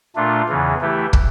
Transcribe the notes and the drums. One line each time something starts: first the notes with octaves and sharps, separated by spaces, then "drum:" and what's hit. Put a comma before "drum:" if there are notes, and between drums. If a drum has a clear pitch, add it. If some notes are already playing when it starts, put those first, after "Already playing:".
A#2 A3 D4 F4
E2 C#3 E3
E3 A3 E4 G4
drum: kick